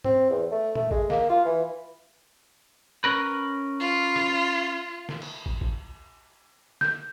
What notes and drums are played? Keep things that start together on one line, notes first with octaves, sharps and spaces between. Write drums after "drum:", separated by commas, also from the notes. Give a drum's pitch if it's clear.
C4, drum: tom
E2
A3
A3, drum: tom A#2
G#3, drum: kick
A#3, drum: snare
F4
E3
C#4 A#4 B4
F4
drum: rim click
drum: snare
drum: cymbal
drum: kick
drum: kick
G6, drum: snare